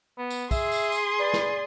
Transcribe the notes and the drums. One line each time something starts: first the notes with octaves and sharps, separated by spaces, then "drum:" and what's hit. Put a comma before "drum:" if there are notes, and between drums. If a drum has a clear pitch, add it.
B3
drum: tambourine
G#4 E5 C6, drum: kick, tambourine
drum: tambourine
drum: tambourine
B4 D5
drum: snare